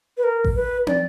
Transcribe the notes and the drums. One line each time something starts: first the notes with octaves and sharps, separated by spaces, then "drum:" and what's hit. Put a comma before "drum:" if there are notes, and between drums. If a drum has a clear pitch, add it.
B4
A#4
drum: kick A1
B4
D5, drum: tom